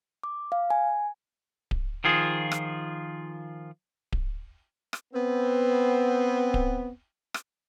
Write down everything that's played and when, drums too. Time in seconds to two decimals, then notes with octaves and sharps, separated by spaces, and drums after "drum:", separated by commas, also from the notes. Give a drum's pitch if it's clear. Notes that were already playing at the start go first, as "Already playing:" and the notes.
0.23 D6
0.52 F5
0.70 G#5
1.71 drum: kick D1
2.04 D#3 F3 F4 G#4
2.52 drum: rim click
4.12 drum: kick D1
4.93 drum: rim click
5.13 B3 C4
6.54 drum: kick D1
7.34 drum: rim click